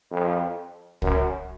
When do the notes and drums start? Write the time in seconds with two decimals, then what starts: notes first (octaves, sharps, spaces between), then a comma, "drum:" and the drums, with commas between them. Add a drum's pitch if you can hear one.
0.12 F2
1.02 F#2, drum: kick